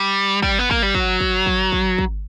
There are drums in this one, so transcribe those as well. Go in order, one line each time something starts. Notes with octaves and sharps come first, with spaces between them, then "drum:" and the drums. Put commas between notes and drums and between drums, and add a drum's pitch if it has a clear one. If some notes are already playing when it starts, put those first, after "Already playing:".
Already playing: G3
G3, drum: kick
B3
A#3, drum: kick
G3
F#3, drum: kick
drum: kick
drum: kick
drum: kick
drum: kick